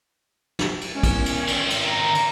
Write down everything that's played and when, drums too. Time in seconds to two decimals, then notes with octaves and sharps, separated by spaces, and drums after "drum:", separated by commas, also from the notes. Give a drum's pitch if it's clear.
0.59 drum: snare
0.81 drum: cymbal
0.93 G#3 B3 C#4
1.03 drum: kick, cymbal
1.26 drum: cymbal
1.48 D#3 C4, drum: cymbal
1.70 drum: cymbal
1.86 A#5
2.15 drum: cymbal